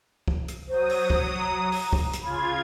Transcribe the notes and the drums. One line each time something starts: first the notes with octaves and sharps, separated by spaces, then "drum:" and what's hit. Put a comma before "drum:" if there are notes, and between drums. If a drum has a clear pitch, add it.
drum: kick
drum: hi-hat
F#3 C5 D#6
drum: open hi-hat
drum: kick
A#5
drum: open hi-hat
drum: kick
drum: hi-hat
C#3 F4 B5 G#6